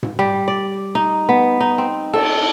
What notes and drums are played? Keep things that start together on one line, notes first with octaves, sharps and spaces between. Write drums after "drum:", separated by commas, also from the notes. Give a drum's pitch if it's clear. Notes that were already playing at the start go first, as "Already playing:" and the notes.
drum: tom G#2
G3
D5
D#4
B3
D#4
C4
A4, drum: cymbal